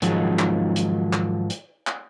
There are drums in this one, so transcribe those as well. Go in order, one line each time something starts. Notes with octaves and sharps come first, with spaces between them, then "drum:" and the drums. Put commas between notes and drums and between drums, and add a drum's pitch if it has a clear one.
G#2 D#3 F3 F#3 G#3, drum: hi-hat
drum: clap
drum: hi-hat
drum: clap
drum: hi-hat
drum: clap